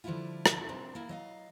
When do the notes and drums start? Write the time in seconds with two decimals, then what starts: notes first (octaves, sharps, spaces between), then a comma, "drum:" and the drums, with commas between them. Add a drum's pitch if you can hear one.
0.04 D3 F3 G3 D4 E4 F4
0.46 drum: rim click
0.69 C4 D4
0.95 A#3 E4
1.09 F#3 D#5 F5